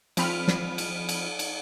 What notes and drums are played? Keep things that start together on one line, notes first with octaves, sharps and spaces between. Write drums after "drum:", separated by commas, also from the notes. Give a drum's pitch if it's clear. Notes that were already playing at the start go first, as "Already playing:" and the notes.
F3 C4 B5 F6, drum: cymbal
drum: snare
drum: cymbal
drum: cymbal
drum: cymbal